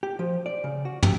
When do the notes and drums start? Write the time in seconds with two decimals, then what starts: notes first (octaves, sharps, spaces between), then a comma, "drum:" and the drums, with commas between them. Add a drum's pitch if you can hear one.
0.03 G4
0.19 F3
0.46 D5
0.64 C#3
0.85 F#4
1.03 G4, drum: tom